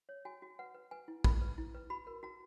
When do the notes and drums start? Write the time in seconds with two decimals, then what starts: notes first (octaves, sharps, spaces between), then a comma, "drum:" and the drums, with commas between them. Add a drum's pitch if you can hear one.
0.09 C#5
0.25 F#4 G#5
0.42 F#4
0.59 B4 F#5
0.74 B4
0.91 B4 G#5
1.08 E4
1.24 B4 B5, drum: kick
1.42 B4
1.58 E4
1.74 B4
1.90 F#4 B5
2.07 A#4
2.23 F#4 A#5